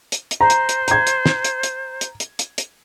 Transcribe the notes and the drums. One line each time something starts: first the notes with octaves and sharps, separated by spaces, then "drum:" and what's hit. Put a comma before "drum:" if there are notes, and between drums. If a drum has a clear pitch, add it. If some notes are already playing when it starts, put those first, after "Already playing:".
drum: hi-hat
drum: hi-hat
C5 A#5
drum: hi-hat
drum: hi-hat
A#5 G#6, drum: hi-hat
drum: hi-hat
drum: snare
drum: hi-hat
drum: hi-hat
drum: hi-hat
drum: hi-hat
drum: hi-hat
drum: hi-hat